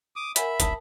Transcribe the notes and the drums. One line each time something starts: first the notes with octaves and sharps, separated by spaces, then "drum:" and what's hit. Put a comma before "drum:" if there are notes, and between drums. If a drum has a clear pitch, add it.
D6 D#6
A#4 E5 F#5 G#5 B5, drum: hi-hat
D1 G#1 A5 D#6, drum: hi-hat